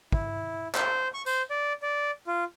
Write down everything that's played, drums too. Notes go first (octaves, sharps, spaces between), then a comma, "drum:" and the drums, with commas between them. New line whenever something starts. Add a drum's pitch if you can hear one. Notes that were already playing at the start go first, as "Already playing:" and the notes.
E4, drum: kick
C5, drum: clap
C#6
C5, drum: tambourine
D5
D5
F4